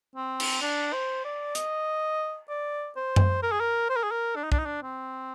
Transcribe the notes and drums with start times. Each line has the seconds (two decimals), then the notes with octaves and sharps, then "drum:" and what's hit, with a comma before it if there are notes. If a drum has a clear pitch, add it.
0.16 C4
0.40 drum: cymbal
0.62 D4
0.93 C5
1.25 D5
1.55 D#5, drum: hi-hat
2.49 D5
2.96 C5
3.16 drum: tom F#2
3.43 A#4
3.52 G#4
3.60 A#4
3.90 C5
3.96 A#4
4.03 G#4
4.11 A#4
4.36 D4
4.44 D#4
4.52 D4, drum: kick
4.59 D#4
4.66 D4
4.83 C4